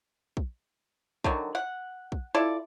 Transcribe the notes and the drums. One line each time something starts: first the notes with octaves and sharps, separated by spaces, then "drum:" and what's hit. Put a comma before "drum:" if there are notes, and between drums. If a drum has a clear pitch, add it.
drum: kick
D3 D#3 F#3, drum: kick
F#5
drum: kick
E4 F4 A4 D5